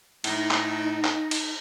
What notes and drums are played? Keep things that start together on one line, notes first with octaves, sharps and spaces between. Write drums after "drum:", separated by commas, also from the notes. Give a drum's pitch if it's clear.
A2 D#4, drum: cymbal
drum: clap
drum: clap
drum: cymbal